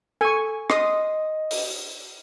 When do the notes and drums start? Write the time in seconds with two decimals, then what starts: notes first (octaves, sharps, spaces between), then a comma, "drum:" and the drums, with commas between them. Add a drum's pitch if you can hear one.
0.21 A4 G#5 C#6
0.70 D#5 C6 D#6, drum: rim click
1.51 drum: open hi-hat